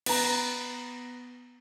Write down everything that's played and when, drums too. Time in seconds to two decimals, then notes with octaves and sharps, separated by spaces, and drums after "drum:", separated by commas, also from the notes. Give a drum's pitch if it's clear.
0.06 B3 A#5, drum: cymbal